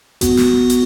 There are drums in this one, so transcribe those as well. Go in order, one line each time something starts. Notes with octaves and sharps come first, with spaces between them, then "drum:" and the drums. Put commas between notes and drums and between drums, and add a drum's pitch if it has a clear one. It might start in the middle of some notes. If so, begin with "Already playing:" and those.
B3 F#4, drum: kick A1, hi-hat
drum: snare
drum: hi-hat